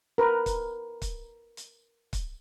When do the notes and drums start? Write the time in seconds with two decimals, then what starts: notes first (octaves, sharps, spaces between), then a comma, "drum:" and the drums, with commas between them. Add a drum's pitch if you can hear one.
0.18 A#4 B4
0.46 drum: kick, hi-hat
1.02 drum: kick, hi-hat
1.57 drum: hi-hat
2.13 drum: kick, hi-hat